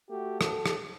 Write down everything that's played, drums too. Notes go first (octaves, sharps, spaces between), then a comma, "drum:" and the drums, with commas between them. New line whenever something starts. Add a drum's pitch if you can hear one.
A3 F#4 G4
A4, drum: rim click
drum: rim click